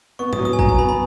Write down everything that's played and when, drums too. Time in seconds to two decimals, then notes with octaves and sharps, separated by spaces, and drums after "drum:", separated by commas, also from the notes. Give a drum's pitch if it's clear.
0.19 B3 C#6
0.33 D#6, drum: tom G#2
0.39 F#3
0.45 D#6
0.53 G#5
0.59 F#3 A#5, drum: kick
0.69 G#5
0.78 B3 B5
0.89 B5